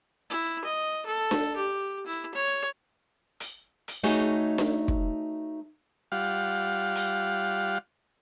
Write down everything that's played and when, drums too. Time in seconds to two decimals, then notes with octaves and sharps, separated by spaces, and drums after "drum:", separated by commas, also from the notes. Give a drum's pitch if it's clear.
0.30 E4
0.64 D#5
1.06 A4
1.31 drum: snare D4
1.56 G4
2.06 E4
2.34 C#5
3.40 drum: hi-hat
3.88 drum: hi-hat
4.03 A3 D#4 F#4 G#4 C#5 D#5, drum: open hi-hat
4.58 drum: snare D4
4.88 drum: kick
6.12 G3 F4 F5 F#5
6.95 drum: hi-hat